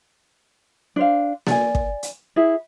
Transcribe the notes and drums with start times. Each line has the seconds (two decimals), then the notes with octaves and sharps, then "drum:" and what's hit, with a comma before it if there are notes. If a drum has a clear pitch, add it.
0.96 D4 C5 F5
1.47 D5 G#5, drum: snare A#3
1.75 drum: kick
2.03 drum: hi-hat
2.36 E4 G#4